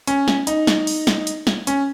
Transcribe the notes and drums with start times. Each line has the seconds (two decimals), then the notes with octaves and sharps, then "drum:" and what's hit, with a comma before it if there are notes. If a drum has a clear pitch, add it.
0.07 C#4, drum: hi-hat
0.28 drum: snare
0.47 D#4, drum: hi-hat
0.67 drum: snare
0.87 drum: open hi-hat
1.07 drum: snare
1.27 drum: hi-hat
1.47 drum: snare
1.67 C#4, drum: hi-hat